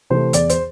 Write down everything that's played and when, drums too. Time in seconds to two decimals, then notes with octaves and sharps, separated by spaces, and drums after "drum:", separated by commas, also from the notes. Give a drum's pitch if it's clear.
0.10 C3 E3 A3 C5
0.33 E2 D5, drum: hi-hat
0.50 C5, drum: hi-hat